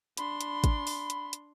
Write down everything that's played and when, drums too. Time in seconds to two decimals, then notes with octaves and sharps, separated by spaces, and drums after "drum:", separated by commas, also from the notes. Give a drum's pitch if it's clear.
0.17 D4 B5 C6, drum: hi-hat
0.41 drum: hi-hat
0.64 drum: kick, hi-hat
0.87 drum: open hi-hat
1.10 drum: hi-hat
1.33 drum: hi-hat